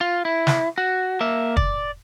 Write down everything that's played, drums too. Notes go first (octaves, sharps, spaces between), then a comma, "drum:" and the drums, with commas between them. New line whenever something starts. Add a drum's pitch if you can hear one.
F4
E4
drum: snare
F#4
A#3 E5
D5, drum: kick